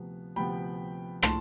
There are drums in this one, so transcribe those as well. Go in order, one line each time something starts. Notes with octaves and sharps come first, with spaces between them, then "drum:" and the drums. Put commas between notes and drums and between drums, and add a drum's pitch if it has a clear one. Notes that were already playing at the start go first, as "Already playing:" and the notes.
Already playing: D2 C3 F3 B3
D2 C3 F3 B3 G5 B5
A2 A5 C6, drum: rim click